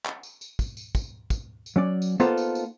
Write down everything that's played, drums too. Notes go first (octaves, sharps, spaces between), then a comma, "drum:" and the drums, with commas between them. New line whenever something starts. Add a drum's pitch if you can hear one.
drum: clap
drum: tambourine
drum: tambourine
drum: kick, tambourine
drum: tambourine
drum: kick, tambourine
drum: kick, tambourine
drum: tambourine
F#3 C#4 D5
drum: tambourine
A#3 B3 D#4 F4 A4 C5, drum: tambourine
drum: tambourine
drum: tambourine